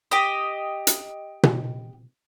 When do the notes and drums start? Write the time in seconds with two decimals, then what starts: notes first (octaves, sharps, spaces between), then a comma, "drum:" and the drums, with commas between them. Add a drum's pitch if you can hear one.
0.11 G4 D#5
0.87 drum: hi-hat
1.43 drum: tom B2